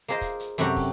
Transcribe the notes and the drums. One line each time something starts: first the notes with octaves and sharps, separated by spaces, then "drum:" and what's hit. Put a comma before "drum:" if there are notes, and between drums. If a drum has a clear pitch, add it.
A#3 F4 G#4 C5 D#5
drum: kick, hi-hat
drum: hi-hat
F#2 C3 A3 C#4 F#4 G4
drum: kick, open hi-hat